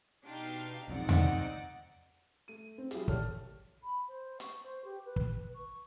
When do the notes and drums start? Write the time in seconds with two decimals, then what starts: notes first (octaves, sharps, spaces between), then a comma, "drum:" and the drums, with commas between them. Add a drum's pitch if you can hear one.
0.25 B2 D4 D#4 G4 F5 C6
0.88 B1 F2 G#2 C4 D#4 D5 F#5
1.09 drum: tom E2
2.48 A3 D#7
2.78 C4
2.91 F#3 E4 F4 G4 G#4, drum: hi-hat
3.08 G4 A4 C#5 D5 A5 F6, drum: kick
3.83 B5
4.08 C5
4.40 C#6, drum: hi-hat
4.64 C5
4.84 G4
5.05 B4
5.16 drum: kick
5.54 C#6